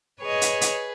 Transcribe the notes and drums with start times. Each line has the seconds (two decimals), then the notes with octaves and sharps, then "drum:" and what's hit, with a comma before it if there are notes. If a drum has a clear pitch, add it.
0.22 G#4 B4 C#5 D#5
0.42 drum: hi-hat
0.61 drum: hi-hat